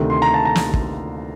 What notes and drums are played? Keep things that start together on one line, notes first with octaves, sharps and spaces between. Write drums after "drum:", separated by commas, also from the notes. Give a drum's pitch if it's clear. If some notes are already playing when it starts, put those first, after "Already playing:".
Already playing: D2 C3 D#3
C6
A#5
A5
A#5
drum: snare
drum: kick